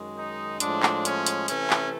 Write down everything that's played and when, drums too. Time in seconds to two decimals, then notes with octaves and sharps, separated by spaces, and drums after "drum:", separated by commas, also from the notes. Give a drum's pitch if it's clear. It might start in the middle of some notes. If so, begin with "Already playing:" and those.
Already playing: F#2 D#3 G#3
0.17 D#4
0.60 A2 F3 G#3 D4, drum: hi-hat
0.83 drum: clap
1.05 C#4, drum: hi-hat
1.27 drum: hi-hat
1.48 C3 E3 A3 C#4, drum: hi-hat
1.70 drum: clap